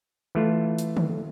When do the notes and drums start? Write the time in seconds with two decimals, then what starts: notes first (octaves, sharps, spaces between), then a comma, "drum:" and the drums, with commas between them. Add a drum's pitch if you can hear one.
0.35 E3 A3 F4
0.78 drum: hi-hat
0.97 drum: tom D3